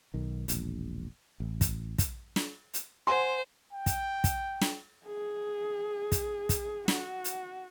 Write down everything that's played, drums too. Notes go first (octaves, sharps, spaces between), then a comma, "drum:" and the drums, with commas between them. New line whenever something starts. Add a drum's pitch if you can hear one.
B1 D#3
E1 A#1, drum: hi-hat
A1
drum: kick, hi-hat
drum: kick, hi-hat
drum: snare
drum: hi-hat
C5 F#5 G#5 C6
G5
drum: kick, hi-hat
drum: kick, hi-hat
drum: snare
G#4
drum: kick, hi-hat
drum: kick, hi-hat
F#4, drum: snare
drum: hi-hat